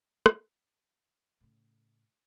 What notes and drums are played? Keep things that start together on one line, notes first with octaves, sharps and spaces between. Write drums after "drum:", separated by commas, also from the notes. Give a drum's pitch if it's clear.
drum: rim click
A2 C#3